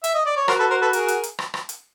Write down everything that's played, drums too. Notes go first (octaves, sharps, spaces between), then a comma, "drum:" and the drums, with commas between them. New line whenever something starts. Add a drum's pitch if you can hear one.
E5, drum: hi-hat
D#5
D5
C#5
F#4 A#4 C5, drum: rim click
A4 B4
A#4 C5
A4 B4
G#4 A#4, drum: hi-hat
drum: hi-hat
drum: hi-hat
drum: rim click
drum: rim click
drum: hi-hat